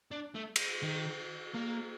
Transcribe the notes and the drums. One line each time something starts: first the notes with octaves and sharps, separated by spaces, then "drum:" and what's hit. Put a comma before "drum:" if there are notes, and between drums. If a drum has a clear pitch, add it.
D4
A3
drum: cymbal
D#3
A#3